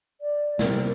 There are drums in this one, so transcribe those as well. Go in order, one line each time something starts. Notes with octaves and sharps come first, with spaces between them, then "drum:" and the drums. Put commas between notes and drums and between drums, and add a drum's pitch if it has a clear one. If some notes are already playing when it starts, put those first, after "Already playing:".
D5
C3 G3 A#4, drum: snare